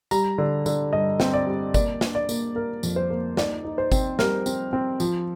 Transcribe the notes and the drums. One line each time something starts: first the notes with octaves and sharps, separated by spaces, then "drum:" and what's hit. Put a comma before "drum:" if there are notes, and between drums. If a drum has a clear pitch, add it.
G3 A#5, drum: tambourine
D3
D3, drum: tambourine
G2 D#5
C4, drum: snare
D5
G3
A#3 D5, drum: kick G1, tambourine
D4, drum: snare
D5
A#3, drum: tambourine
A#3 A#4
F2, drum: tambourine
C5
A#3
D#4 D5, drum: snare
D#4
C5
C4, drum: kick G1, tambourine
G3 A#4, drum: snare
C4, drum: tambourine
C4
F3, drum: tambourine